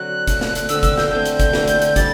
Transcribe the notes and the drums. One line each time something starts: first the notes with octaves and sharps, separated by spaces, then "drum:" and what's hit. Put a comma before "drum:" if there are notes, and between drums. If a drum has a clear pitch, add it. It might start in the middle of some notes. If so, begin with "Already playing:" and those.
Already playing: D3 F#3 C4 F#6
D3 A3 C4, drum: kick, hi-hat
drum: snare
drum: hi-hat
D3 A3 C4 E6, drum: hi-hat
E6, drum: kick, hi-hat
G6, drum: snare
D3 A3 C4 G6
drum: hi-hat
drum: kick, hi-hat
D3 A3 C4, drum: snare
drum: hi-hat
drum: hi-hat
G3 D4 A6, drum: kick, hi-hat